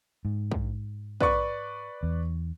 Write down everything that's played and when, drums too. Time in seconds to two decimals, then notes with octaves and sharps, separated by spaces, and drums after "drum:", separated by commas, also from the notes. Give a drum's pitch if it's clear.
0.25 G#2
0.51 drum: kick
1.21 B4 D5 C#6, drum: kick
2.03 E2